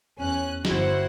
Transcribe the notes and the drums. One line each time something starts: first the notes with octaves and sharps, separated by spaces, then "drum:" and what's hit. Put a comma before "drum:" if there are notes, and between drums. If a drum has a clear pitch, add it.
E2 C#4 F#6
G1 E4 F#4 C5 F#5, drum: snare